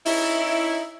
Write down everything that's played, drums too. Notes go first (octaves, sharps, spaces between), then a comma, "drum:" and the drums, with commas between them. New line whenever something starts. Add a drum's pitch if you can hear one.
C#4 D#4 E4, drum: open hi-hat